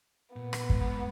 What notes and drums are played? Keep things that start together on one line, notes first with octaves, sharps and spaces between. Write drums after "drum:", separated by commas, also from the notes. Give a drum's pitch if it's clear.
A#2 B3
drum: rim click
G#2, drum: kick